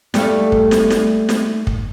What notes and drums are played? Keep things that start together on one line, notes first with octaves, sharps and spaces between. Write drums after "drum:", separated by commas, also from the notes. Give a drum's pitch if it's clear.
G3 A3 F5, drum: snare
drum: kick
drum: snare
drum: snare
drum: snare
drum: kick